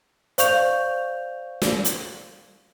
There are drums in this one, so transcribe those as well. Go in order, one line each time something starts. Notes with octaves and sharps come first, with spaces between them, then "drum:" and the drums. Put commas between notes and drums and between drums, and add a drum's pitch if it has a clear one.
C5 D5 F5 C#6 G6 F7, drum: hi-hat
drum: snare
drum: hi-hat